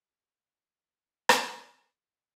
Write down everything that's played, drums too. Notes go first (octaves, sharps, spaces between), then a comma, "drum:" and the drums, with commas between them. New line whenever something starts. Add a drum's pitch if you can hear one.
G4 G#4 F#5 B5
drum: rim click